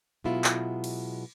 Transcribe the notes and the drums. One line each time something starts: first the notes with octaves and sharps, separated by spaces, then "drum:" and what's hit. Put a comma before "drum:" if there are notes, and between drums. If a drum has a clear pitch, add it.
B2 F#3 G#3 B3 E4 F4
drum: clap
drum: cymbal